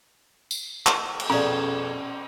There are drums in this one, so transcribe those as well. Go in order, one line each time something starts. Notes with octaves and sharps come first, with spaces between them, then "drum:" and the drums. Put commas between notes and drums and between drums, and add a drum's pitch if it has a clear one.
drum: tambourine
drum: clap
drum: cymbal
F2 B2 C#4 G#4 D5 A#5